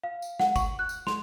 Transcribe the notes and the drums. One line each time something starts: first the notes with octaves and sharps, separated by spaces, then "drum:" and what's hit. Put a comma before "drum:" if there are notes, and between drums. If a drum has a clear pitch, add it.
F5
drum: tambourine
F#5, drum: snare
C#6, drum: kick G1, tambourine
F#6
drum: tambourine
C6, drum: snare